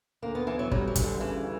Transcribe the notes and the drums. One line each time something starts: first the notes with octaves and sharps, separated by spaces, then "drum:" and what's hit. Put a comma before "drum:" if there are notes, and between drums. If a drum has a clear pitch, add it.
D2 A#3
B3
E3 B3
F#3
F#3 G3, drum: kick
F#3
D2, drum: kick, hi-hat
D3
C#3 E3
C#3